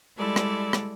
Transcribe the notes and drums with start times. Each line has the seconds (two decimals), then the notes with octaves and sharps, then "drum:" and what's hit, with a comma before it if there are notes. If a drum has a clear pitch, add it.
0.18 G3 G#3 E4 A4 D5
0.36 drum: rim click
0.73 drum: rim click